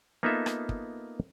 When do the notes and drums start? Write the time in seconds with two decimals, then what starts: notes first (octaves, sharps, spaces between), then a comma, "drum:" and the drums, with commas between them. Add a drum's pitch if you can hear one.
0.23 A#3 B3 D#4 F4 A4 E5
0.46 drum: rim click
0.69 drum: kick